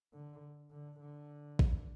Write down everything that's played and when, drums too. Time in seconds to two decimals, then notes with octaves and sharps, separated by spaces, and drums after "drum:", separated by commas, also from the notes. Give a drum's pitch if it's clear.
0.13 D3
0.71 D3
1.00 D3
1.59 drum: kick